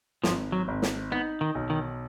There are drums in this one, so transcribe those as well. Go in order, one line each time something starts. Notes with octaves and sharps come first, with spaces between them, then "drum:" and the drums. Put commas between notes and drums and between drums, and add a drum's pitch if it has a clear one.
G#1 F3, drum: snare
F#3
G#1
drum: snare
B3 D#4
D#3
B1
D#3